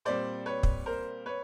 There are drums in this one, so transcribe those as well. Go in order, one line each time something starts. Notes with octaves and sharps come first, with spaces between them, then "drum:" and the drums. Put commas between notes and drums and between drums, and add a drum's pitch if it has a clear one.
A#2 G3 C4 C5 D5
B4 C#5
drum: kick
A#4 C5
B4 C#5